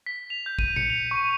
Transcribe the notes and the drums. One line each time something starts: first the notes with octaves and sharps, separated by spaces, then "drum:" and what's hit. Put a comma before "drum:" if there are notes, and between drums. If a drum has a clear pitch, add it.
B6
F7
G6
D#7, drum: kick
C#7, drum: tom A#2
F7
C#6